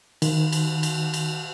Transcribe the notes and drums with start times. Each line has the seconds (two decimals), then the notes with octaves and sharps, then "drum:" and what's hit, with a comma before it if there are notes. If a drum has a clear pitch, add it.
0.22 D#3, drum: cymbal
0.53 drum: cymbal
0.83 drum: cymbal
1.14 drum: cymbal